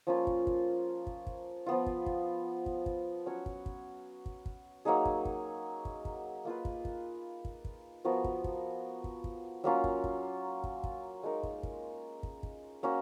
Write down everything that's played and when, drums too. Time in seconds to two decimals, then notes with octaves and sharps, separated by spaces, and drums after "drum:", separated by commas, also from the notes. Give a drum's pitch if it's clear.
0.07 F3 A#3 C#4 F4
0.27 drum: kick
0.47 drum: kick
1.07 drum: kick
1.27 drum: kick
1.66 F3 B3 F4
1.86 drum: kick
2.06 drum: kick
2.66 drum: kick
2.86 drum: kick
3.26 F#3 C#4 F#4 C#5
3.46 drum: kick
3.66 drum: kick
4.26 drum: kick
4.46 drum: kick
4.85 F#3 A#3 D#4 G#4
5.05 drum: kick
5.25 drum: kick
5.85 drum: kick
6.05 drum: kick
6.45 A#3 F4 B4
6.65 drum: kick
6.85 drum: kick
7.45 drum: kick
7.65 drum: kick
8.05 F3 B3 F#4 A#4
8.24 drum: kick
8.44 drum: kick
9.04 drum: kick
9.24 drum: kick
9.64 F#3 A#3 C#4 F4
9.84 drum: kick
10.04 drum: kick
10.64 drum: kick
10.84 drum: kick
11.23 G#3 D#4 A#4
11.43 drum: kick
11.63 drum: kick
12.23 drum: kick
12.43 drum: kick
12.83 A#3 C#4 F#4